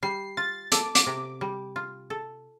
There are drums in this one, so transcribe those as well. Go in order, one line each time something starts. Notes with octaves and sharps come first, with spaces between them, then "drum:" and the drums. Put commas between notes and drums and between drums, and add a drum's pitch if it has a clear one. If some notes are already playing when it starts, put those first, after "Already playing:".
G3 C7
F4 A6
A4 D6, drum: hi-hat
D6, drum: hi-hat
C3
G3
F4
A4